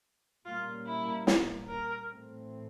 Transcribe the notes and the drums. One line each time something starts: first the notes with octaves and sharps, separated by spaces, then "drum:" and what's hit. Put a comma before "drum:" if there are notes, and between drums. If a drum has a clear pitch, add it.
A#2 G3 A#3 C#4 F4
E4
drum: snare
A#4
A2 E3 A3 C4